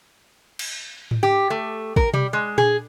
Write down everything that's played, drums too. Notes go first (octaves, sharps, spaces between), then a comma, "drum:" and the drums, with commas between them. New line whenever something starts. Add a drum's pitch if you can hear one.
drum: cymbal
drum: tom G#2
G4
A3
A#4, drum: kick
G3, drum: tom B2
G#3
G#4, drum: tom A#2